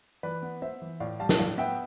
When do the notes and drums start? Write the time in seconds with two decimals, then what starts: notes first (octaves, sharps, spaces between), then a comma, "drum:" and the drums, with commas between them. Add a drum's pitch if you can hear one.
0.23 E3 B4 D5
0.42 B3
0.62 B3 C5 E5
0.82 E3
1.00 A2 D5 F5
1.20 G3 F5 A5
1.29 drum: snare
1.39 A2 D5 F5
1.58 B3 E5 G5